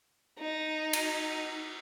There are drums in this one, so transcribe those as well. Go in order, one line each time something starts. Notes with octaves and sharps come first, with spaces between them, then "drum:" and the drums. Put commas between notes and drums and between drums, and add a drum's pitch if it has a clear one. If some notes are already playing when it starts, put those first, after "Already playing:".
D#4
drum: cymbal